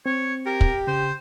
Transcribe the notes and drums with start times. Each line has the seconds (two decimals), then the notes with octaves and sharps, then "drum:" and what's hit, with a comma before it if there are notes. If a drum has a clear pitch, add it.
0.06 C4 C#5
0.46 G4 A#4
0.61 drum: kick
0.87 C#3 C5